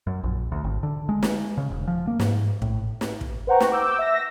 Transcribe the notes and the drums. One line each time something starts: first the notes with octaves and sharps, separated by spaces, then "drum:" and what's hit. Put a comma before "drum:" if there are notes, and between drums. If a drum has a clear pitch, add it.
F#2
A#1
D2
G#1
D3
G#3
drum: snare
C#3
E1
F3
A#3
G#2, drum: snare
A2, drum: kick
drum: snare
drum: kick
B4 C5 F#5 G5 A#5 C#6
drum: snare
D6 E6 G6
E5 E6 A#6